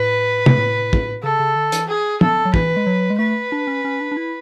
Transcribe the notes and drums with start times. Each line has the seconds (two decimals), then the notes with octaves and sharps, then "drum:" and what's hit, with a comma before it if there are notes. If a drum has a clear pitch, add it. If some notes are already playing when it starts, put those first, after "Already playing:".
Already playing: A2 B4
0.46 drum: tom
0.58 A2
0.93 drum: kick
1.23 C#3 A4
1.40 C#3
1.56 D3
1.72 E3, drum: hi-hat
1.88 G#4
2.21 A4, drum: tom
2.45 F#3
2.54 E3 B4, drum: kick
2.77 G#3
2.87 F#3
3.10 G#3
3.18 A3 B4
3.52 D4
3.67 C#4
3.85 C#4
4.01 D4
4.12 D4
4.17 E4